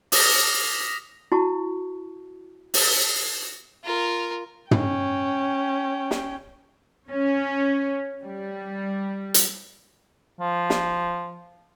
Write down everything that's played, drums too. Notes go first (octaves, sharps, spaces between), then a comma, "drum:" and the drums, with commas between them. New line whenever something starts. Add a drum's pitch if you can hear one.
D6 D#6 F6 A#6 B6, drum: open hi-hat
E4 F#4 A5 C#6
drum: open hi-hat
F4 A#4
C#4 G5, drum: tom
drum: snare
C#4
G3
drum: hi-hat
F3
drum: snare